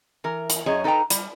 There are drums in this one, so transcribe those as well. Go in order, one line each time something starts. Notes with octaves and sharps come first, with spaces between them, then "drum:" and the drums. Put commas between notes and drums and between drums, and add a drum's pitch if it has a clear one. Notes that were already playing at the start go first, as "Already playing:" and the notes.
E3 A#4
drum: hi-hat
F#2 G#4 C#5 D#5 A#5
D#4 A4 B4 D5 G5 A#5
G3, drum: hi-hat